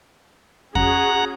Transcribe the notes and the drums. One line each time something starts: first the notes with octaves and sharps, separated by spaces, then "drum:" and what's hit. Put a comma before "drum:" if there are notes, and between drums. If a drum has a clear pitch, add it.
C#4 F#4 G#4 F#5 A#5, drum: kick F2